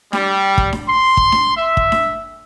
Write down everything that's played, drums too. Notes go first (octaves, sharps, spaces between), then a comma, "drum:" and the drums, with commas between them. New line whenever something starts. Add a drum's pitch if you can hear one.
G3, drum: snare D4
drum: kick
drum: snare D4
C6
drum: kick
drum: snare D4
E5
drum: kick
drum: snare D4